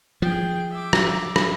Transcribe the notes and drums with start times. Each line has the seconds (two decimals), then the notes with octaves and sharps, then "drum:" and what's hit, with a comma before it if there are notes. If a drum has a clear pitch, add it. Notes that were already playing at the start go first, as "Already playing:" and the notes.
0.22 F3 G#4 G5
0.72 E5 D6
0.93 drum: rim click
1.36 drum: rim click